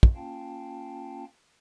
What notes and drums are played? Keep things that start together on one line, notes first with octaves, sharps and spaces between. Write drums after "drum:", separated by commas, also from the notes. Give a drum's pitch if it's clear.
drum: kick
A#3 C#4 F4 F5 G5 A5